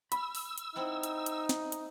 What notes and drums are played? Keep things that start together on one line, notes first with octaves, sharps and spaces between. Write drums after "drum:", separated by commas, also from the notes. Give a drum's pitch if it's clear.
B5 E6, drum: hi-hat
drum: open hi-hat
drum: hi-hat
C4 D#4 E4 F#5
drum: hi-hat
drum: hi-hat
drum: snare
drum: hi-hat